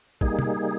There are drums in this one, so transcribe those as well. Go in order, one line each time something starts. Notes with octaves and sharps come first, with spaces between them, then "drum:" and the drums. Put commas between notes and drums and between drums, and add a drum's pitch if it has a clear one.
G3 A#3 D#4 G#4, drum: kick
drum: tom C3